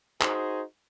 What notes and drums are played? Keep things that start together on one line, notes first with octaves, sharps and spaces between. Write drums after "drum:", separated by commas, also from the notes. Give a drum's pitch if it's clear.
D#4 F#4 G#4 C5, drum: clap